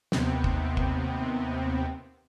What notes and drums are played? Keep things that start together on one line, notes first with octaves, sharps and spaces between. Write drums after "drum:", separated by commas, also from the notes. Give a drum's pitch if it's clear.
D#2 C3 B3 C4, drum: snare
drum: kick
drum: kick